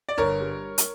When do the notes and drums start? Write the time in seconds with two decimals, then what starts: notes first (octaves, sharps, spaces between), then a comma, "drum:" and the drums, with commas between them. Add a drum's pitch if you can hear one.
0.09 D5
0.18 G1 A#4 C#5
0.41 G3
0.78 drum: hi-hat